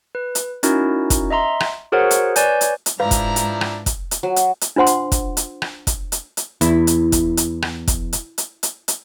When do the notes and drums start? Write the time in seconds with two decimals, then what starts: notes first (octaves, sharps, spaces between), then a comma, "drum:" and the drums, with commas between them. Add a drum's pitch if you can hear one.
0.15 B4
0.35 drum: hi-hat
0.63 C#4 D#4 E4 F#4 A#4, drum: hi-hat
1.10 drum: kick, hi-hat
1.30 D#5 E5 A#5 C6
1.60 drum: rim click
1.92 F#4 G#4 A#4 C5 C#5 F#5
2.11 drum: hi-hat
2.36 B4 C#5 D5 G#5 G6, drum: hi-hat
2.61 drum: hi-hat
2.86 drum: hi-hat
3.00 G#2 F3 D4 E4 B4 F5 A#5
3.11 drum: kick, hi-hat
3.36 drum: hi-hat
3.61 drum: rim click
3.86 drum: kick, hi-hat
4.11 drum: hi-hat
4.23 F#3
4.36 drum: hi-hat
4.61 drum: hi-hat
4.76 D4 F4 C5 F#5 C6
4.87 drum: hi-hat
5.12 drum: kick, hi-hat
5.37 drum: hi-hat
5.62 drum: rim click
5.87 drum: kick, hi-hat
6.12 drum: hi-hat
6.37 drum: hi-hat
6.61 E2 E4, drum: hi-hat
6.87 drum: hi-hat
7.12 drum: kick, hi-hat
7.37 drum: hi-hat
7.62 drum: rim click
7.88 drum: kick, hi-hat
8.13 drum: hi-hat
8.38 drum: hi-hat
8.63 drum: hi-hat
8.88 drum: hi-hat